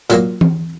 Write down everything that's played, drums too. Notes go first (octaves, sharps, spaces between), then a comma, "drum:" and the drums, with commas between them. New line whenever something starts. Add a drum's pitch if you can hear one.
A#2 F#3 A#3, drum: hi-hat
drum: tom E3